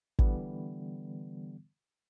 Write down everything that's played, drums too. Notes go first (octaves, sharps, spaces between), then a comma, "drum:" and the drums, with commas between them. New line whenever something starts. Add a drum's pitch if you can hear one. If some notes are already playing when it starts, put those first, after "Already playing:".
D3 E3 G3 B3, drum: kick